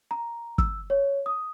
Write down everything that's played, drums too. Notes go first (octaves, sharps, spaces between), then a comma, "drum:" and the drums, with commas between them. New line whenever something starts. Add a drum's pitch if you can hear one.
A#5
E6, drum: kick
C#5
D#6